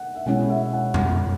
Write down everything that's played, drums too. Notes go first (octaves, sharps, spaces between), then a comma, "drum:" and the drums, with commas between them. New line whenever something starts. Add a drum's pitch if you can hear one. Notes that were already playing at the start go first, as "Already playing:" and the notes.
Already playing: F#5
E5
B2 G#3 C#4 E4 F#5
E5
F#5
drum: tom F2